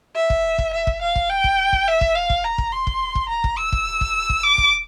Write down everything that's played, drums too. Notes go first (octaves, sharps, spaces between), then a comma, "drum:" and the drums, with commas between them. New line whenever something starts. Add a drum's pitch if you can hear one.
E5
drum: kick
drum: kick
E5
drum: kick
F5
drum: kick
G5
drum: kick
drum: kick
E5
drum: kick
F5
drum: kick
A#5
drum: kick
C6
drum: kick
drum: kick
A#5
drum: kick
E6
drum: kick
drum: kick
drum: kick
D6
drum: kick